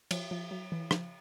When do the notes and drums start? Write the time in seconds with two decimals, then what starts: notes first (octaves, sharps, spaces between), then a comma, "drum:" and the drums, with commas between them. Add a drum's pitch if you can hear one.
0.11 F3, drum: cymbal
0.31 F3
0.51 F#3
0.72 E3
0.91 F3, drum: rim click